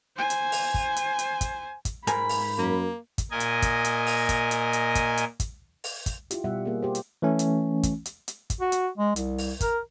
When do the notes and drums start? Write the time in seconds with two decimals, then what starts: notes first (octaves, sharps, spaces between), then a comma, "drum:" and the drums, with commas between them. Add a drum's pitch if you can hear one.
0.16 C5 G#5
0.30 drum: hi-hat
0.52 drum: open hi-hat
0.74 drum: kick
0.96 drum: hi-hat
1.19 drum: hi-hat
1.41 drum: kick, hi-hat
1.85 drum: kick, hi-hat
2.07 G#2 A#4 G#5 B5, drum: hi-hat
2.29 drum: open hi-hat
2.58 F#2 A#3
3.18 drum: kick, hi-hat
3.31 A#2 A#4 D#5 G#5
3.40 drum: hi-hat
3.62 drum: kick, hi-hat
3.85 drum: hi-hat
4.07 drum: open hi-hat
4.29 drum: kick, hi-hat
4.51 drum: hi-hat
4.73 drum: hi-hat
4.95 drum: kick, hi-hat
5.17 drum: hi-hat
5.40 drum: kick, hi-hat
5.84 drum: open hi-hat
6.06 drum: kick, hi-hat
6.31 E4 F4 G4, drum: hi-hat
6.44 B2 G3 F4 G4 E5 F#5
6.65 A#3 G#4
6.82 G4 C5
6.95 drum: hi-hat
7.22 E3 A3 C#4
7.39 drum: hi-hat
7.83 drum: kick, hi-hat
8.06 drum: hi-hat
8.28 drum: hi-hat
8.50 drum: kick, hi-hat
8.61 F#4
8.72 drum: hi-hat
8.98 G#3
9.16 C2, drum: hi-hat
9.38 drum: open hi-hat
9.60 A#4, drum: kick, hi-hat